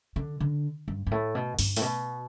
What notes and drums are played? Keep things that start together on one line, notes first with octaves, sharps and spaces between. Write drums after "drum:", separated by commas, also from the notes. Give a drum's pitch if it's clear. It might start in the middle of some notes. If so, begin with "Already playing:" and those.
D3
D3
G2
G2
A2
B2
G2, drum: open hi-hat
A2, drum: open hi-hat
B2